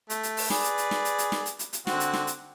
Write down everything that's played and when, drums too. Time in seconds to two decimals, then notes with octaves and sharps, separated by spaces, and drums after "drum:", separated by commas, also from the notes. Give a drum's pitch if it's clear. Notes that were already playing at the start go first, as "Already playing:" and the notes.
0.10 A3, drum: hi-hat
0.23 drum: hi-hat
0.37 drum: open hi-hat
0.50 G#4 B4 D5, drum: snare
0.64 drum: hi-hat
0.78 drum: hi-hat
0.91 drum: snare
1.05 drum: hi-hat
1.18 drum: hi-hat
1.32 drum: snare
1.46 drum: hi-hat
1.59 drum: hi-hat
1.73 drum: hi-hat
1.87 D3 C4 F#4, drum: snare
2.00 drum: hi-hat
2.13 drum: snare
2.27 drum: hi-hat